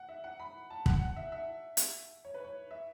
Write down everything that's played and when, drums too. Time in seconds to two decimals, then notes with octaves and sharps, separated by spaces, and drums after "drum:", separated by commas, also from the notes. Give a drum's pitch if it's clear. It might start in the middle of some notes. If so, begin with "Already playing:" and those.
Already playing: F#5
0.09 E5
0.24 F#5
0.40 B5
0.70 A5
0.86 F#5, drum: kick
1.01 F#5
1.16 E5
1.32 E5
1.77 drum: hi-hat
2.25 C#5
2.34 B4
2.44 C#5
2.71 E5